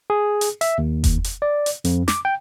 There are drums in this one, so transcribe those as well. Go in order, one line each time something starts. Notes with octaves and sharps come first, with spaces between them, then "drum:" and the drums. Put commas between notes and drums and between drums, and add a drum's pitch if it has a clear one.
G#4
drum: hi-hat
E5, drum: hi-hat
D#2
drum: kick F1, hi-hat
drum: hi-hat
D5
drum: hi-hat
F2, drum: hi-hat
D6, drum: snare
G5